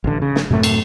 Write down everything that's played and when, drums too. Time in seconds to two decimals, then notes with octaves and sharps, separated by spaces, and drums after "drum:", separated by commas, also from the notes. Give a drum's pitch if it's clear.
0.04 A1 D3
0.22 C#3
0.36 drum: snare
0.50 F#2 A2 C3 A3
0.63 drum: cymbal